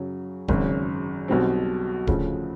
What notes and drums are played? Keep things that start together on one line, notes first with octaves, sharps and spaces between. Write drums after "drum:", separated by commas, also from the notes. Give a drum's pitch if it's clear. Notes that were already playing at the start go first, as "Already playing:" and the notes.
Already playing: F#2 C#3 F#3
G#1 F#2 C#3, drum: kick D1
B1 B2 G3 C4
D2 C#3 F3, drum: kick D1